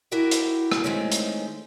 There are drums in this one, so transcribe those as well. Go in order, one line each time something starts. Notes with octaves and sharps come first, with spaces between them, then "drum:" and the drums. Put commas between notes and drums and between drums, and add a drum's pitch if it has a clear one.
E4 F#4 G4 A#4 E5
drum: hi-hat
drum: rim click
D#3 G#3 A3 C4 C#4
drum: hi-hat